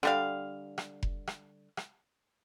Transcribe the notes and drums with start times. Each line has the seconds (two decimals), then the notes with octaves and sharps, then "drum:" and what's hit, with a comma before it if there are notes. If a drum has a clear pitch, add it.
0.03 D3 G3 F5, drum: rim click
0.78 drum: rim click
1.03 drum: kick F1
1.27 drum: rim click
1.77 drum: rim click